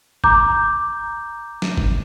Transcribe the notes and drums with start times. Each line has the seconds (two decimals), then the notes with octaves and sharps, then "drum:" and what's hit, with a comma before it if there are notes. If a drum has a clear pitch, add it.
0.24 A#5 D6 G6, drum: kick
1.62 drum: snare
1.78 drum: kick